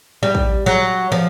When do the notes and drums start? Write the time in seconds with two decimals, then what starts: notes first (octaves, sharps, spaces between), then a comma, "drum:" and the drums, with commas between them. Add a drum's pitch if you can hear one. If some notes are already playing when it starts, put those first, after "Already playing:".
0.23 G3
0.35 drum: kick
0.66 F#3
1.12 F3